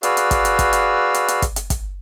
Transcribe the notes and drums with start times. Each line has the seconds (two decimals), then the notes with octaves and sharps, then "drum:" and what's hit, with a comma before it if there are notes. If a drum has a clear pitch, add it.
0.03 F#4 G#4 B4 D5 F5 E6, drum: hi-hat
0.17 drum: hi-hat
0.31 drum: kick, hi-hat
0.45 drum: hi-hat
0.59 drum: kick, hi-hat
0.73 drum: hi-hat
1.14 drum: hi-hat
1.28 drum: hi-hat
1.42 drum: kick, hi-hat
1.56 drum: hi-hat
1.70 drum: kick, hi-hat